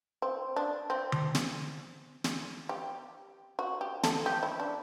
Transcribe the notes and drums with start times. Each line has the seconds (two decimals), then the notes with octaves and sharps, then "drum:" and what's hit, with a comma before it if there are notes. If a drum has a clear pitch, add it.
0.22 C4
0.56 D4
0.90 C4
1.12 drum: tom D3
1.35 drum: snare
2.24 drum: snare
2.69 G4
3.59 F#4
3.81 G4
4.03 A4, drum: snare
4.26 G4
4.43 E4
4.60 D4